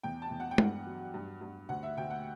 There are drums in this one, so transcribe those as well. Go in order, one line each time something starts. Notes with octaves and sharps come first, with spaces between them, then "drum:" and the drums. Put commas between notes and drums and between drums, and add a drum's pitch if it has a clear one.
E2 G5
A5
E2
F#5
G5
G2 F#5, drum: tom
F#3
G2
G2
D2 F#5
E5
D2 G5
F#5